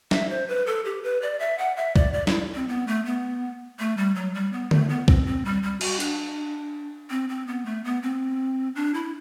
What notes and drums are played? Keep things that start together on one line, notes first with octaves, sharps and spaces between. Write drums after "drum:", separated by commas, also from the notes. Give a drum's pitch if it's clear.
E5, drum: snare
C5
B4
A4
G4
B4
D5
E5
F#5
E5
D5, drum: kick C2
D5
E4, drum: snare
C4
B3
A3
B3
A3
G3
F#3
G3
B3
A3, drum: tom D3
B3
C4, drum: kick C2
C4
G3
G3
F#4, drum: cymbal
D4, drum: hi-hat
C4
C4
B3
A3
B3
C4
D4
E4